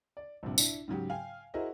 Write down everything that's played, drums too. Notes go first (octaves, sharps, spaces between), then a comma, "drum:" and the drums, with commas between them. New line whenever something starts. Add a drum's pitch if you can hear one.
D5
A#1 G2 C3
D4 E4, drum: tambourine
G#2 C#3 F#3 G4
F5 G5 G#5
E4 F#4 G#4 A#4 C5 D#5